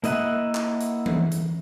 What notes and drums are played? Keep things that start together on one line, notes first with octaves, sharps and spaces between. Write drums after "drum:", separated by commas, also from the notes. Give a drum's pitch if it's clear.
A#3 E4 D#5 E5 F#5, drum: hi-hat
drum: clap
drum: hi-hat
drum: tom E3
drum: hi-hat